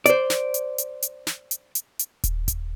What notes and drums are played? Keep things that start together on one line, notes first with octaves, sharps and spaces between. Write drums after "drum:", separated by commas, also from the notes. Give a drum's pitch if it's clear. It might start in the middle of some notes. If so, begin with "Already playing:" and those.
C5 D5, drum: hi-hat
drum: snare
drum: hi-hat
drum: hi-hat
drum: hi-hat
drum: snare
drum: hi-hat
drum: hi-hat
drum: hi-hat
drum: kick D#1, hi-hat
drum: kick D#1, hi-hat